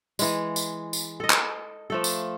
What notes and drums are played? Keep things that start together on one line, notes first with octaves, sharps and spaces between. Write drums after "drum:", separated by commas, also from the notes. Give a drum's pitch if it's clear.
E3 G#3, drum: tambourine
drum: tambourine
drum: tambourine
A4 D#5
drum: clap
F3 A3 A4
drum: tambourine